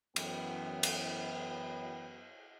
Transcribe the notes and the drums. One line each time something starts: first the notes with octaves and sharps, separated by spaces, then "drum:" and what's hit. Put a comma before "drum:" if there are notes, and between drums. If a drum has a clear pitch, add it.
F#2 E3 B3 E4 G5, drum: cymbal
drum: cymbal